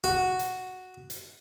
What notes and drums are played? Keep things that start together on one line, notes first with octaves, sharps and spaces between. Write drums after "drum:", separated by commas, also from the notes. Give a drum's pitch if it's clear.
F#4, drum: tom B2
drum: hi-hat
drum: hi-hat